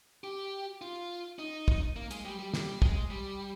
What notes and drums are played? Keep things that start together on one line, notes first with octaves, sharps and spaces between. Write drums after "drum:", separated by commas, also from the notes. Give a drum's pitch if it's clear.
G4
F4
D#4
drum: kick
A#3
G#3, drum: hi-hat
G3
G3
G3, drum: snare
G#3, drum: kick
G3